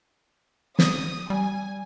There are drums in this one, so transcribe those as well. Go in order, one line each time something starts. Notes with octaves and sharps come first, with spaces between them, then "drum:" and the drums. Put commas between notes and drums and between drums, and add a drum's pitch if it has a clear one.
D#6, drum: snare
G3 G#5